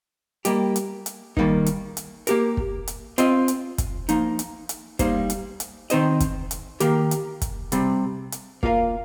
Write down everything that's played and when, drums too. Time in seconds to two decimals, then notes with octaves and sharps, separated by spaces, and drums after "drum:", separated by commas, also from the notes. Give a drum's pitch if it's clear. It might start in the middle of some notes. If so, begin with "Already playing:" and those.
0.45 G3 A#3 G4 D#5, drum: hi-hat
0.76 drum: hi-hat
1.06 drum: hi-hat
1.37 D#3 G3 A#3 D#4 A#4, drum: kick
1.66 drum: hi-hat
1.97 drum: hi-hat
2.27 A#3 G4 A#4, drum: hi-hat
2.57 drum: kick
2.88 drum: hi-hat
3.18 C4 F4 D#5, drum: hi-hat
3.48 drum: hi-hat
3.78 drum: kick, hi-hat
4.09 F3 A#3 D#4, drum: hi-hat
4.39 drum: hi-hat
4.69 drum: hi-hat
4.99 G3 A#3 D#4 C5 F5, drum: kick, hi-hat
5.30 drum: hi-hat
5.60 drum: hi-hat
5.90 D#3 C4 D#4 C5 D#5, drum: hi-hat
6.20 drum: kick, hi-hat
6.51 drum: hi-hat
6.80 D#3 A#3 G4 A#4, drum: hi-hat
7.11 drum: hi-hat
7.42 drum: kick, hi-hat
7.72 C3 G3 C4, drum: hi-hat
8.32 drum: hi-hat
8.63 A#3 F4 A#4 F5, drum: kick